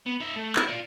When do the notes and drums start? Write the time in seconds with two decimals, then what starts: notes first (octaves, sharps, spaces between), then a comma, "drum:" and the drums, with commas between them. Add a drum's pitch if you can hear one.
0.06 B3
0.20 D#4 E5
0.36 A3
0.56 E4, drum: clap
0.68 F4 D5